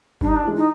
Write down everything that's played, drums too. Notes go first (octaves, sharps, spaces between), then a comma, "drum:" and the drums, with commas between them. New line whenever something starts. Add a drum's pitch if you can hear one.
G2 D4, drum: kick F#1
D#4
D4
E3 G#3
D#4